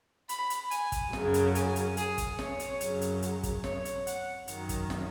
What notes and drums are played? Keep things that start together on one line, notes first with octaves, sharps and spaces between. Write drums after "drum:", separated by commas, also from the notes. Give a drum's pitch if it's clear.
B5, drum: hi-hat
drum: hi-hat
G#5, drum: hi-hat
drum: kick, hi-hat
F#2 C#3 F#3, drum: snare
drum: hi-hat
G#5, drum: hi-hat
drum: hi-hat
G#4, drum: hi-hat
drum: kick, hi-hat
C#5, drum: snare
drum: hi-hat
F#2 C#3 F#3, drum: hi-hat
drum: hi-hat
drum: hi-hat
drum: kick, hi-hat
C#5, drum: snare
drum: hi-hat
F#5, drum: hi-hat
F#2 D#3 F#3, drum: hi-hat
drum: kick, hi-hat
drum: snare